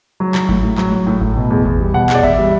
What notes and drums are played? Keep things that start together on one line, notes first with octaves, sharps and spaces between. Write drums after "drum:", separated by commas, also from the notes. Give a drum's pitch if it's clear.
F#3
F#3, drum: clap
A2, drum: kick G#1
A2
F#3, drum: clap
F#3
A2
A2, drum: kick G#1
B2
E2
E2, drum: kick G#1
G3
B2 F#5
E2, drum: clap
D5
E2 E5, drum: kick G#1
G3